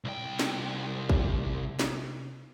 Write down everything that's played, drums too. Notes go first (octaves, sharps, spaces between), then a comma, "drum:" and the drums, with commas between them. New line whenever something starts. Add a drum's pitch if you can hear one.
C2 G5
drum: snare
drum: kick
drum: snare